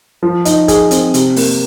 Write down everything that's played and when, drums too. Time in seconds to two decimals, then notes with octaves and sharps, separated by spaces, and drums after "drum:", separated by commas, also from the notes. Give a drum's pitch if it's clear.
0.23 F3
0.45 D#4, drum: hi-hat
0.68 G#4, drum: kick, hi-hat
0.91 C4, drum: hi-hat
1.14 C3, drum: hi-hat
1.36 A#3, drum: open hi-hat